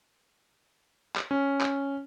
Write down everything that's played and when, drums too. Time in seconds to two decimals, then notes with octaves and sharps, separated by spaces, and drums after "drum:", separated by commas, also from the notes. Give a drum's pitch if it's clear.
1.16 drum: clap
1.31 C#4
1.61 drum: clap